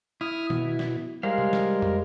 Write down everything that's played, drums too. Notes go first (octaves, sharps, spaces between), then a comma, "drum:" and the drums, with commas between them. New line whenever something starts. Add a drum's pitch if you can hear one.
E4 D#6 F6
B2, drum: tom D#3
drum: snare
G3 G#3 A#4 C5 F5
drum: tom C3
drum: snare
drum: tom